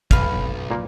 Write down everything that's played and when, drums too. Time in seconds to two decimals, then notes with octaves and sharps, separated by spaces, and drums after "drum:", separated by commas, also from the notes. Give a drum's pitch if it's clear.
0.11 B1 B4 F5, drum: kick
0.71 A#2 A#3